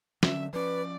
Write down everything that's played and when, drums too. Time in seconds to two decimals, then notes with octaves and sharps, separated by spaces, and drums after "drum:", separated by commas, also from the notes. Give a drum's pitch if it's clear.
0.23 D3 F#3 C#4 E5, drum: snare
0.53 F3 C#4 B4 D5